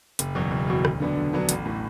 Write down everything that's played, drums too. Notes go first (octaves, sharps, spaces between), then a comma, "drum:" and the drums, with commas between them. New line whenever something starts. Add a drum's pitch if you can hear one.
F#1, drum: hi-hat
E2 B2 F#3
F#1
E2 B2 F#3
D2, drum: rim click
D3 F#3 B3 D4
D2
D3 F#3 B3 D4
A1, drum: hi-hat
A2 E3